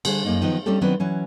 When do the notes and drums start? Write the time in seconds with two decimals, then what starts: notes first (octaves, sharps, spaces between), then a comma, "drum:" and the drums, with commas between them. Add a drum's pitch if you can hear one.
0.05 D3 G3 G#4 C5, drum: cymbal
0.25 F#2 A#3 D#4
0.42 D#3 F3 F#3 B3 D#4
0.66 G3 C4 C#4 D#4 G4 A4
0.81 D#3 F#3 B3 C4 D4 B4
1.00 E3 F#3 C#4